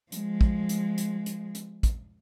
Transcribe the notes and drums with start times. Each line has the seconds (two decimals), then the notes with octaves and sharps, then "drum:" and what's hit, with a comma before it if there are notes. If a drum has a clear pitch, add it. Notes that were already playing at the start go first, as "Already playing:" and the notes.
0.12 F3 G#3, drum: hi-hat
0.41 drum: kick
0.69 drum: hi-hat
0.98 drum: hi-hat
1.26 drum: hi-hat
1.55 drum: hi-hat
1.83 drum: kick, hi-hat